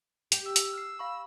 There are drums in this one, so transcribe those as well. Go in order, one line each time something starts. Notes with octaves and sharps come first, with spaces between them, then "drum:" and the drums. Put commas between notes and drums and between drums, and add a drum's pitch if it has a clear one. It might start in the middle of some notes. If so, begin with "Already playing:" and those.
G4, drum: hi-hat
E6
drum: hi-hat
F6 C7
F5 B5 C#6